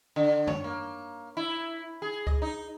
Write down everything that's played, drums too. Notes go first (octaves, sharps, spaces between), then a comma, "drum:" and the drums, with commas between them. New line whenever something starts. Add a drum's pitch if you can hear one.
D3
C#5, drum: tom
A#3
E4
G#4
D#5, drum: kick C#2
D#4